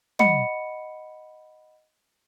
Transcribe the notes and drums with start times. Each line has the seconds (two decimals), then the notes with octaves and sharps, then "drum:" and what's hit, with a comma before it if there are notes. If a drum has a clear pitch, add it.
0.19 D#5 F#5 B5 C#7, drum: tom